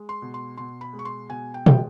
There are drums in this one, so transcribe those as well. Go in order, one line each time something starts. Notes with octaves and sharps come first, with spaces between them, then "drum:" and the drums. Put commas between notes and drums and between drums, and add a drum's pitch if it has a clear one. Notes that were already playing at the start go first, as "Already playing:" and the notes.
Already playing: G#3
C6
B2
C6
B2 C6
B5
G#3
C#6
C6
B2 G#5
G5
G#3 G5, drum: tom A#2